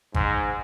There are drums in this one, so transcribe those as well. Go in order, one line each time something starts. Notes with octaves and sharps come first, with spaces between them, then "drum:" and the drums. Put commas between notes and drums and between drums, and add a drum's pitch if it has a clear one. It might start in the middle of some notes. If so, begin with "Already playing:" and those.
G#2, drum: kick G#1